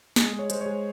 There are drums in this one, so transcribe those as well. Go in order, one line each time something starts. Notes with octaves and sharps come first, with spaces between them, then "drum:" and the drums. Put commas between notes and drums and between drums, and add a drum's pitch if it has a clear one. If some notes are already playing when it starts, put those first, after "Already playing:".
G#3 G#4, drum: snare
G#3
C#5
G#3 C5, drum: hi-hat
C#5
G#3